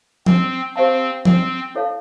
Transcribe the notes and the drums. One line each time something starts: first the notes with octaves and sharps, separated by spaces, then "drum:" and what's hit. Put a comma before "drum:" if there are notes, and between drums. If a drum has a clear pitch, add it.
C4, drum: tom F3
C4 G4 C5 F5 A5
C4, drum: tom F3
E4 A4 C#5 F5 A5